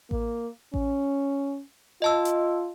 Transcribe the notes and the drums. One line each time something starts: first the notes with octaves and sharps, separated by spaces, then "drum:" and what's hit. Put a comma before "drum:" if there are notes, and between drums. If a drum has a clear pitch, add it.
A#3, drum: kick A1
C#4, drum: kick A1
F4 D#5 A5 E6
drum: hi-hat